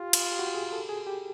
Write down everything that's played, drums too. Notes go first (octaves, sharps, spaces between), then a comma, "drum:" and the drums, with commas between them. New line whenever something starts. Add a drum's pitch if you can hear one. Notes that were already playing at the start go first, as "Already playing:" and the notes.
Already playing: F4 G4
drum: cymbal
G4
F#4
G4
G#4
A4
G#4
G4